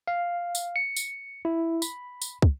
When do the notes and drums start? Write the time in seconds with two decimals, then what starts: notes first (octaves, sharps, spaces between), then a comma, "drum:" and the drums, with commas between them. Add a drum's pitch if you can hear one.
0.08 F5
0.55 drum: tambourine
0.76 C#7
0.96 drum: tambourine
1.45 E4
1.82 B5, drum: tambourine
2.22 drum: tambourine
2.42 drum: kick